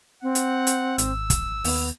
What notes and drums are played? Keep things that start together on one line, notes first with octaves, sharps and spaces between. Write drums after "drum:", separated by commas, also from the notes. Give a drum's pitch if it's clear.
C4 F#5
drum: hi-hat
drum: hi-hat
G#1 E6, drum: hi-hat
drum: kick, hi-hat
D#2 B3, drum: open hi-hat